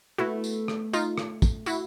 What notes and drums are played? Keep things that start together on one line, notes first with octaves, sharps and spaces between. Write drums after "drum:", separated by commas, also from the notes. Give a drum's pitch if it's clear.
A3 B3 E4 F#4
drum: tambourine
drum: rim click
D#4 F4, drum: tambourine
drum: rim click
drum: kick, tambourine
E4 F#4, drum: tambourine